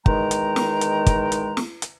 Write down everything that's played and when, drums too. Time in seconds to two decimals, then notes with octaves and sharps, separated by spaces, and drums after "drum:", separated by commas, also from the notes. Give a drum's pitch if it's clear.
0.06 E2 D#3 G#3 G5 A#5, drum: kick
0.31 drum: hi-hat
0.56 drum: snare
0.81 drum: hi-hat
1.06 drum: kick, hi-hat
1.32 drum: hi-hat
1.57 drum: snare
1.82 drum: hi-hat